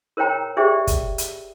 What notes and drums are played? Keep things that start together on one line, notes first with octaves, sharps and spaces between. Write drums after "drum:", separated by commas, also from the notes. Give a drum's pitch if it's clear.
A#4 C5 C#5 G5 A#5
G4 G#4 C5 D5 E5 G5
drum: kick, hi-hat
drum: hi-hat